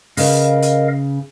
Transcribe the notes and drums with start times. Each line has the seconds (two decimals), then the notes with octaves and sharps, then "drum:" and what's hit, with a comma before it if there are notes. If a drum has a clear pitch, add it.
0.17 C#3 A#4 B4 D#5 F5, drum: open hi-hat
0.62 drum: hi-hat